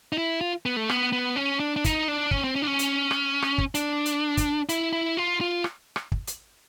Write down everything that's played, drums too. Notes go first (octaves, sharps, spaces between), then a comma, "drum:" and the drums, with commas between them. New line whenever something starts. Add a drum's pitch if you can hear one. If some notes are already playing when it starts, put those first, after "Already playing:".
D#4
E4
F4
B3
A3
B3, drum: rim click
B3
C#4
D4
D4
D#4, drum: kick, hi-hat
D4
C#4, drum: kick
C4
C#4
D4
C#4
drum: hi-hat
drum: rim click
drum: rim click
drum: kick
D4, drum: hi-hat
drum: hi-hat
drum: kick, hi-hat
E4, drum: hi-hat
E4
F4
F4
drum: rim click
drum: rim click
drum: kick
drum: hi-hat